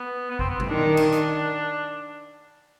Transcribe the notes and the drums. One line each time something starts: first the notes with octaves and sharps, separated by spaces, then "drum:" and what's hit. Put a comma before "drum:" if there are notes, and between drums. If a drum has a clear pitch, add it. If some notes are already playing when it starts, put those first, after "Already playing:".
Already playing: B3
B3
C4, drum: kick G#1
B3
C4, drum: tom A#2
D#3 D4
drum: cymbal
drum: hi-hat